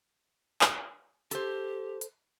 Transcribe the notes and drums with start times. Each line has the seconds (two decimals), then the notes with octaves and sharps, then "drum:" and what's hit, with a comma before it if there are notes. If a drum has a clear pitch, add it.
0.61 drum: clap
1.31 G4 A4 C5, drum: hi-hat
2.01 drum: hi-hat